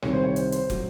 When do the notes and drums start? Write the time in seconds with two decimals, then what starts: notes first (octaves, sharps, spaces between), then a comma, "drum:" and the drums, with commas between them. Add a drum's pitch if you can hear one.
0.02 C2 C3 D#3 C#5, drum: rim click
0.13 C5
0.24 C#5
0.36 C5, drum: hi-hat
0.52 C5, drum: hi-hat
0.70 A2 F#3, drum: kick, hi-hat